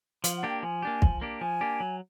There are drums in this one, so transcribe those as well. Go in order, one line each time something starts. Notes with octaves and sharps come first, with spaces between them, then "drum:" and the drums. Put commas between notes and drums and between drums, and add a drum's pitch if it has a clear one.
F3 F5, drum: hi-hat
F#5
A#3 D4 G4
G5
F3 G#5
A#3 D4 G4
F3, drum: kick
A#3 D4 G4
F3 G#5
A#3 D4 G4
F#3